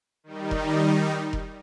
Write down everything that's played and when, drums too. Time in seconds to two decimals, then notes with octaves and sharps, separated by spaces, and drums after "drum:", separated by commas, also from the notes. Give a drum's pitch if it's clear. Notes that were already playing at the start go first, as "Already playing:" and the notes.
0.24 D#3 G3 D#4
0.51 drum: kick F1
1.33 drum: kick F1